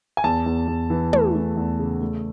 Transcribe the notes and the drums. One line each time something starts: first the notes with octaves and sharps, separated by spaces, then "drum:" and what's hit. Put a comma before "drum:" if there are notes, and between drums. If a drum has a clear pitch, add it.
G#5
E2 A5
E2
E2
E3
A3, drum: tom
A3
E2
C#3
A3